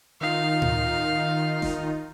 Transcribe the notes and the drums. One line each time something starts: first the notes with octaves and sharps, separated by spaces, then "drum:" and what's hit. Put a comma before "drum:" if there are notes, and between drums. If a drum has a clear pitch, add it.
D#3 D#4 F4 F5
drum: tom A2
drum: snare D#1